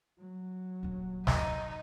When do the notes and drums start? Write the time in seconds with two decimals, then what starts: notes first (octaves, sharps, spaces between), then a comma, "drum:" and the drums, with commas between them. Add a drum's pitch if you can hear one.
0.19 F#3
0.83 D#1 D#2
1.27 D#4, drum: snare